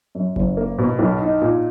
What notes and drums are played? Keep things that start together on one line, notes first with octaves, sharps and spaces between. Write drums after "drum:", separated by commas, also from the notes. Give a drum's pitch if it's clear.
F#2
F#1, drum: kick F#1
A#3
B2
B1
D#4
A#2